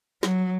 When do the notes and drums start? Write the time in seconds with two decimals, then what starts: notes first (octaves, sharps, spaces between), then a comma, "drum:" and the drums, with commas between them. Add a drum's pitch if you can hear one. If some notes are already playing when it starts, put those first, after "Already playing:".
0.23 F#3, drum: snare